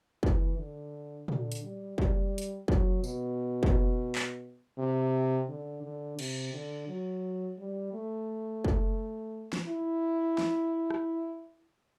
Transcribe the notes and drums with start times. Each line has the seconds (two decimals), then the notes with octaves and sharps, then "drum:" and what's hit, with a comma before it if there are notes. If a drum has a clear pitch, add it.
0.23 E3, drum: kick
0.58 D3
1.28 D3, drum: tom A#2
1.52 drum: hi-hat
1.63 G3
1.98 G3, drum: kick
2.38 drum: hi-hat
2.68 F#3, drum: kick
3.04 B2, drum: tambourine
3.63 drum: kick
4.15 drum: clap
4.78 C3
5.49 D3
5.83 D3
6.19 C3, drum: cymbal
6.54 D3
6.89 F#3
7.58 G3
7.93 A3
8.65 drum: kick
9.53 drum: snare
9.68 E4
10.38 drum: snare
10.90 drum: rim click